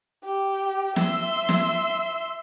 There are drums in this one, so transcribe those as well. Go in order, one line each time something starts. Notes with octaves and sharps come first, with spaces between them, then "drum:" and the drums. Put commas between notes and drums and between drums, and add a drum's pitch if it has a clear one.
G4
E5 C6, drum: snare
drum: snare